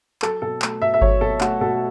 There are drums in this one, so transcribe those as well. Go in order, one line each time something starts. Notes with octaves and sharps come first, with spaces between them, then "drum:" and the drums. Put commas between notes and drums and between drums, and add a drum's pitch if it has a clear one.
F#3 A4, drum: clap
B2 A4
A3, drum: clap
B2 E5
E5
F#3 C#5, drum: kick G1
B2 A4
A3 F#4, drum: clap
B2 A4